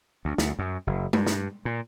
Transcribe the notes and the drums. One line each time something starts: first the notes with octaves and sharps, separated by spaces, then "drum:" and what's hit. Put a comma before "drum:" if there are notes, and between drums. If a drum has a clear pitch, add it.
D2
D2, drum: snare
F#2
F#1
G2, drum: tom G#3
drum: snare
A#2